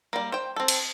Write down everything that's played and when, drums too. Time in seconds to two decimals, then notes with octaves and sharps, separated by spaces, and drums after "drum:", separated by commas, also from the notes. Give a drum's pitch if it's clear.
0.13 G3 A#3
0.32 C5 G5
0.56 C4 A4
0.68 drum: cymbal